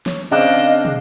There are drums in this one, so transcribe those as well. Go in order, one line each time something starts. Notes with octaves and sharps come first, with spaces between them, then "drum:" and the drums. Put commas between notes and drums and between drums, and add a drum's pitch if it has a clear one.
C#5, drum: snare
C#3 C4 D4 D#5 F5
drum: tom